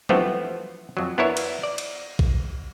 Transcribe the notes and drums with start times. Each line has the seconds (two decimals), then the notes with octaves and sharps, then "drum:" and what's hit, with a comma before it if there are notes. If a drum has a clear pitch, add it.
0.09 E3 F3 A3 B3 C4 F#4, drum: tom F#3
0.97 F2 F#3
1.18 B3 D4 E4 A#4 C#5 E5
1.37 drum: cymbal
1.63 D5
1.78 drum: cymbal
2.19 drum: kick A#1